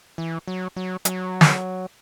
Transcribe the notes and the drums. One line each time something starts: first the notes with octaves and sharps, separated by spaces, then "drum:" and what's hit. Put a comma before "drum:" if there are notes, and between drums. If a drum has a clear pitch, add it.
E3
F#3
F#3
F#3, drum: hi-hat
drum: snare